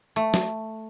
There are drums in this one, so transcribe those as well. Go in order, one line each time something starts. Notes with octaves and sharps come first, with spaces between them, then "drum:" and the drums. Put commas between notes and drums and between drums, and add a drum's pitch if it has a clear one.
A3
drum: snare